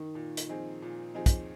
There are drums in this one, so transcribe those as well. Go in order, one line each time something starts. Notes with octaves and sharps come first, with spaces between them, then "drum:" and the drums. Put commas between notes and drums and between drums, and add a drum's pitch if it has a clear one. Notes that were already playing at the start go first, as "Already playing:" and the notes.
Already playing: D#3
A#2
drum: hi-hat
F3 C4 D#4 G#4
A#2
F3 C4 D#4 G#4
drum: kick, hi-hat